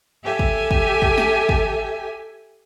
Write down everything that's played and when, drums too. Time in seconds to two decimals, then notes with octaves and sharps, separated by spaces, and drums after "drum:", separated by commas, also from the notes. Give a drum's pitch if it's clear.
0.24 G4 A4 E5 G#5
0.39 drum: kick
0.71 drum: kick
1.02 drum: kick
1.18 drum: snare
1.49 drum: kick